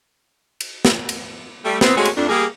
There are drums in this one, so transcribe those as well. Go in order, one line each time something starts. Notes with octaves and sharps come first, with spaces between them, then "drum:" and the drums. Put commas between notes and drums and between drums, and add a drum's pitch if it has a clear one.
drum: cymbal
drum: snare
drum: cymbal
G3 A3
B3 C4, drum: snare
G#3 A3 C4 C#4 F#4 G#4
drum: cymbal
F2 A3 D4
G3 A#3 G4 G#4